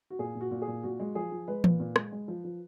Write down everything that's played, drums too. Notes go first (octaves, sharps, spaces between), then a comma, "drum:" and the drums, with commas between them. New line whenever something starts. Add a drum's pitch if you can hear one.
F#4
A#2 G#4
A#2
F#4
A#2
G#4
A#2
A#2 F#4
G#3
F3 G#4
F3
G#3 B4
A#2, drum: tom E3
A#2
G#3, drum: rim click
G#3
F3
F3